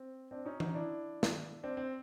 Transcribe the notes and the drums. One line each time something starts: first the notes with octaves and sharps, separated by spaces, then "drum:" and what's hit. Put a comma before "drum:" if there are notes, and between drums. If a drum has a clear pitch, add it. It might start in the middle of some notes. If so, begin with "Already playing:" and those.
Already playing: C4
C4 D4
C#4 D#4
C#4 D#4, drum: tom E3
D4 E4
drum: snare
C4 D4
C4